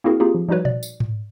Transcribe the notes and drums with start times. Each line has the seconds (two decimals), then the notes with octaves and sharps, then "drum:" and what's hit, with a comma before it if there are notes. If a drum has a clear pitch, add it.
0.04 A#3 C4 E4 F#4 G#4 A#4
0.20 A#3 C4 D#4 F4 G4 G#4
0.35 F3
0.49 F3 G3 D#4 F#4 B4 C#5
0.65 D5, drum: tom A#2
0.83 drum: tambourine
1.00 drum: tom G#2